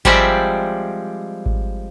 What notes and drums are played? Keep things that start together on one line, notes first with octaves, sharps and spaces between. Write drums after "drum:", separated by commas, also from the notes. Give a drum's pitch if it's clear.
F3 G3 G#3 C4 D5 E5, drum: kick G#1
drum: kick G#1